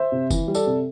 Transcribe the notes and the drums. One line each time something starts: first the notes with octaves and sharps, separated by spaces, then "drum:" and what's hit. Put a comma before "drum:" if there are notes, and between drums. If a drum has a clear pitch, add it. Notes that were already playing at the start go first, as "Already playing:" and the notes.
Already playing: C5 E5
C3
E3, drum: kick F1, tambourine
G3
A4 D5, drum: tambourine
C3